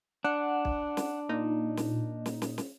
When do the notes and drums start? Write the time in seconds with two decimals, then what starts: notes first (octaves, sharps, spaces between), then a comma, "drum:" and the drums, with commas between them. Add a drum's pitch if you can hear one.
0.24 D4 F#5
0.65 drum: kick
0.97 drum: snare
1.29 A#2 D#4
1.77 drum: snare
2.26 drum: snare
2.42 drum: snare
2.58 drum: snare